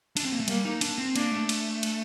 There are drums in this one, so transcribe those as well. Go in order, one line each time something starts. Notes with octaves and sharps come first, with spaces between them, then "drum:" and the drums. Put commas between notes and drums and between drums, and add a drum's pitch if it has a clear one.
D4, drum: cymbal
C4
A#3
A3
G3 A#3, drum: cymbal
D#4
D4, drum: cymbal
C4
A#3 D4, drum: cymbal
A3
drum: cymbal
drum: cymbal